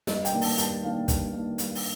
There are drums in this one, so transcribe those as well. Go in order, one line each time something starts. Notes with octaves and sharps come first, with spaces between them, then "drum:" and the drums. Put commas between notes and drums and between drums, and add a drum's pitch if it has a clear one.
G2 D#5, drum: snare
G5, drum: hi-hat
D#3 A#3 D4
A5, drum: open hi-hat
G2 A5, drum: hi-hat
D#3 A#3 D4 F5
G2, drum: kick, hi-hat
D#3 A#3 D4
G2, drum: hi-hat
drum: open hi-hat